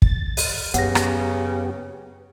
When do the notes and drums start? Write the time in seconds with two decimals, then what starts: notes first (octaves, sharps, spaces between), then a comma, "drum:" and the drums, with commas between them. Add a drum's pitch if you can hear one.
0.02 A6, drum: kick
0.37 drum: open hi-hat
0.74 F#2 C#3 B3 G4 F#5 A#6, drum: hi-hat
0.95 drum: rim click